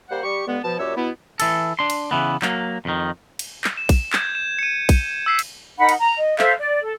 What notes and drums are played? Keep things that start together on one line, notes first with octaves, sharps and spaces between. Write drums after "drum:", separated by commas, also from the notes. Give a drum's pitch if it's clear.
G3 A#3 C5 F#5
G3 G4 C#6
G2 D3 G#3 B3
B2 F3 A5
F#2 A#2 F#4 G4 C#5 E6
B2 B3 E4
E3 A4, drum: cymbal
D4 C6
drum: cymbal
C#3 E3 B3
F#3 A#3, drum: clap
F2 D#3
drum: cymbal
drum: clap
E7
drum: kick A#1, cymbal
G6 G#6 E7, drum: clap
E7
C#7 D#7
drum: kick A#1, cymbal
E6 B6 C7
drum: cymbal
D#4 A#4 F#5 B5
drum: cymbal
A#5
D#5
A4 C5 E5 F5, drum: clap
D5
A4